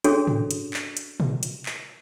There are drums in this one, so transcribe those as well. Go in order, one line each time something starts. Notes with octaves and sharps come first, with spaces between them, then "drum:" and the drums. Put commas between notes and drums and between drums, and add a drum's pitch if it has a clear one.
C#4 D4 F#4 G#4 A4 C#5, drum: hi-hat
drum: tom G#2
drum: hi-hat
drum: clap
drum: hi-hat
drum: tom A#2
drum: hi-hat
drum: clap